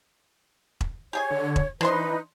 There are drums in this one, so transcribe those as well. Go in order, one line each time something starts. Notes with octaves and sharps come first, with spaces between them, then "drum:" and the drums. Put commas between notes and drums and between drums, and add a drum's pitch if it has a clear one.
drum: kick E1
G4 G#4 C#5 G#5
D3
drum: kick E1
E3 D4 D#4 B4 C5 C6, drum: rim click